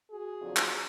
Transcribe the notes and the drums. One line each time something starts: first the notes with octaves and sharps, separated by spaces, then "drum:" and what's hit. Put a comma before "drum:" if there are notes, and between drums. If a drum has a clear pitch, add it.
F#4 G#4
F2 D3 F#3
drum: clap